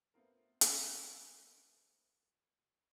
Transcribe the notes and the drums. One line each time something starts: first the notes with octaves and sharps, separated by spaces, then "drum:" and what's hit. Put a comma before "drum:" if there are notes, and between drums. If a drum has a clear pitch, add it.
A3 B3 C4 F4 A#4
drum: hi-hat